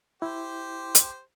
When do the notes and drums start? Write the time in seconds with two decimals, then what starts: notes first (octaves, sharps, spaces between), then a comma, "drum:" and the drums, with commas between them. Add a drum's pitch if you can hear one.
0.22 E4 G4 C5
0.95 drum: hi-hat